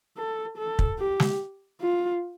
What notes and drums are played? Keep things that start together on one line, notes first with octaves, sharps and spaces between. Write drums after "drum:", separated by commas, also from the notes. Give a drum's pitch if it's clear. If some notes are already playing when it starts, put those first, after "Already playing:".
A4
A4
drum: kick
G4
drum: snare
F4